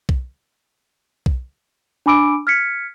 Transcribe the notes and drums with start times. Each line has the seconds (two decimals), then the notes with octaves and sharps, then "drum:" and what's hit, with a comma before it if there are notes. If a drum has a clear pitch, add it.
0.09 drum: kick B1
1.26 drum: kick B1
2.06 D4 G#5 B5 D6 E6 D7
2.47 F6 G#6 B6 C#7